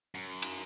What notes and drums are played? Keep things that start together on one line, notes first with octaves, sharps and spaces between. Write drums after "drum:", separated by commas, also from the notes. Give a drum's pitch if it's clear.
F#2
drum: cymbal